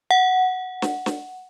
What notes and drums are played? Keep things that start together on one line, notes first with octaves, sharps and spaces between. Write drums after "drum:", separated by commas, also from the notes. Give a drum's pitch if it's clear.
F#5
drum: snare
drum: snare